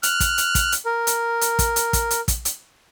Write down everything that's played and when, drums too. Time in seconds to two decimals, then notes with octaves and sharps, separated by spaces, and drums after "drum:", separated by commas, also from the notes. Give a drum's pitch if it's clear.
0.03 F6 F#6, drum: hi-hat
0.20 drum: kick, hi-hat
0.38 drum: hi-hat
0.55 drum: kick, hi-hat
0.72 drum: hi-hat
0.86 A#4
1.07 drum: hi-hat
1.41 drum: hi-hat
1.59 drum: kick, hi-hat
1.76 drum: hi-hat
1.93 drum: kick, hi-hat
2.11 drum: hi-hat
2.28 drum: kick, hi-hat
2.45 drum: hi-hat